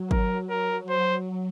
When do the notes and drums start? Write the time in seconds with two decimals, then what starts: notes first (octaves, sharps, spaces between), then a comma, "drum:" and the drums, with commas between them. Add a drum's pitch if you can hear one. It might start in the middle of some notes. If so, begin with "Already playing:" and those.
Already playing: F#3
0.11 A#4, drum: kick G#1
0.50 A#4
0.89 C5